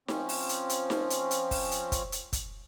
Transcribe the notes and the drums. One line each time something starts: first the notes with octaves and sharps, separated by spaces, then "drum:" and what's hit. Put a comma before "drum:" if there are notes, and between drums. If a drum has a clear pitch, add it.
F3 C4 C#4, drum: snare D#4
drum: open hi-hat
drum: hi-hat
drum: hi-hat
drum: snare D#4
drum: hi-hat
drum: hi-hat
drum: kick, open hi-hat
drum: hi-hat
drum: kick, hi-hat
drum: hi-hat
drum: kick, hi-hat